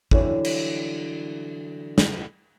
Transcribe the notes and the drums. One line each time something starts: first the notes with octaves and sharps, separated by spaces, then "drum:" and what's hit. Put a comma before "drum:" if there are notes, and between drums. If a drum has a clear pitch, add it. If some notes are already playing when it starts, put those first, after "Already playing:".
D3 E3 F#3 G3 E4 C#5, drum: kick
drum: cymbal
drum: snare